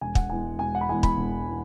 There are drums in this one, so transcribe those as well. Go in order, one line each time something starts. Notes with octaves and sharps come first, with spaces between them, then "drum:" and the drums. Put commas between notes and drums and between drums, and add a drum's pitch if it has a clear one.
E1 G#5
F#5, drum: kick
E2 E3 G#3 G#5
E1 G#5
F#5
B5
E2 E3 G#3 G#5
B5, drum: kick
E1
E3